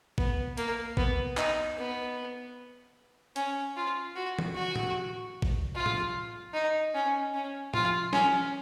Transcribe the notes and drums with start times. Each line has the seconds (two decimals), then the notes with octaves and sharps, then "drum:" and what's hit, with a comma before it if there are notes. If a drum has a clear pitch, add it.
0.18 B3, drum: kick A1
0.58 A#3, drum: hi-hat
0.97 B3, drum: kick A1
1.37 D#4, drum: clap
1.77 B3
3.36 C#4, drum: hi-hat
3.76 F4
4.16 F#4
4.39 drum: tom D#3
4.55 F#4
4.76 drum: tom A2
5.42 drum: kick A1
5.75 F4
5.86 drum: tom A2
6.54 D#4
6.94 C#4
7.34 C#4
7.74 F4, drum: tom A2
8.13 C#4, drum: snare